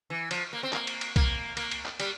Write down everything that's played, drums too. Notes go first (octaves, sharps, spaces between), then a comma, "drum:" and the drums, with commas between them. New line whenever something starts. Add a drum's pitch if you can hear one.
E3
F3, drum: cymbal
A#3
C4
A#3, drum: clap
drum: cymbal
drum: cymbal
A#3, drum: kick, cymbal
A#3, drum: cymbal
drum: cymbal
drum: clap
G3, drum: cymbal